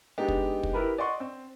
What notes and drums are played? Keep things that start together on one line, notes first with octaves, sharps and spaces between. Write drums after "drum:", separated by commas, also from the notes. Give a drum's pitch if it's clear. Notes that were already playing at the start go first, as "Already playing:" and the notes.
G#3 B3 D4 D#4 G4
drum: kick
drum: kick
E4 G4 A#4 B4 B5
D5 D#5 F#5 C6 C#6
C4